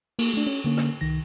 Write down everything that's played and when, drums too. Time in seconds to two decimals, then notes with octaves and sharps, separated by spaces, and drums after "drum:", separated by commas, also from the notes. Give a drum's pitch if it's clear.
0.19 A#3, drum: cymbal
0.34 A3 D4
0.47 C#4
0.64 D3 A#3 C#4
0.77 drum: rim click
1.01 C2 D#3 A#6